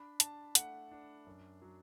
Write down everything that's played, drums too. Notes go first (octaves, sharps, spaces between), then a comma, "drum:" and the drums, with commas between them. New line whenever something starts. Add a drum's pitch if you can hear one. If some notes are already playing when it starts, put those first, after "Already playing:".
Already playing: D4 B5
D4 A5, drum: hi-hat
A3 F#5, drum: hi-hat
D4
F#2
F#3